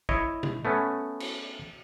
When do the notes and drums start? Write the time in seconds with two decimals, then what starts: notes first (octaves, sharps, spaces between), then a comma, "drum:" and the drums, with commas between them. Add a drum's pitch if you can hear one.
0.09 E4 C#5 D#5, drum: kick
0.43 drum: tom B2
0.65 A3 B3 C#4
1.20 drum: cymbal